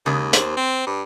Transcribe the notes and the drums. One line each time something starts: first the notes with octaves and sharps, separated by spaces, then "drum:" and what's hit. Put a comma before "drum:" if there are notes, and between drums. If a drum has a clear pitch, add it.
D#2 C#3 G#3
C5, drum: hi-hat
C4
G2